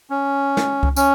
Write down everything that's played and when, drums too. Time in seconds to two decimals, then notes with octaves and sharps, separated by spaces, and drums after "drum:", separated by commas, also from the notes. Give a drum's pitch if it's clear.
0.10 C#4
0.57 drum: snare
0.83 drum: kick C#2
0.96 C#4, drum: tambourine